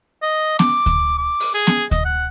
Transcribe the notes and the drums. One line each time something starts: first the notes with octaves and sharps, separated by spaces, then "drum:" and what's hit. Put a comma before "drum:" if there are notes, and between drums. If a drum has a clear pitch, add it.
D#5
D6, drum: snare B3
drum: kick D2, hi-hat
D6
drum: open hi-hat
G#4
drum: snare B3
D#5, drum: kick D2, hi-hat
F#5